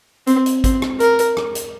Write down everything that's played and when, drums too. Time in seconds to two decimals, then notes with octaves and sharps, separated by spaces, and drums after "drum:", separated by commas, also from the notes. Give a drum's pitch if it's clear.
0.27 C4, drum: hi-hat
0.46 drum: hi-hat
0.64 C4, drum: kick G#1, hi-hat
0.82 drum: rim click
1.00 A#4, drum: hi-hat
1.19 drum: hi-hat
1.37 drum: rim click
1.55 drum: hi-hat